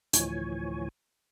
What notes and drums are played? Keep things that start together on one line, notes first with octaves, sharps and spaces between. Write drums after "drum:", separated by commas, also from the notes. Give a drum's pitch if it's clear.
D2 A2 E3 F3 C#5 G#5, drum: hi-hat